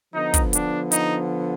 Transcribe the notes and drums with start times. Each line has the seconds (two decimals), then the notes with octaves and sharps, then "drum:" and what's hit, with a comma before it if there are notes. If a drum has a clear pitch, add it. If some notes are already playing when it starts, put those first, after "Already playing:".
0.14 D3 F3 B3 D#4
0.34 drum: kick, hi-hat
0.53 D4, drum: hi-hat
0.92 D#4, drum: hi-hat